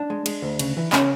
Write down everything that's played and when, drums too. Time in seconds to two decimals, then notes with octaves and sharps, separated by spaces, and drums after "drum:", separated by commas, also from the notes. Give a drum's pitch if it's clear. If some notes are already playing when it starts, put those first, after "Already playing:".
Already playing: D4
0.10 G#3
0.26 G#3, drum: cymbal
0.42 D2
0.59 C#3, drum: cymbal
0.77 E3
0.93 C#3 C#4, drum: clap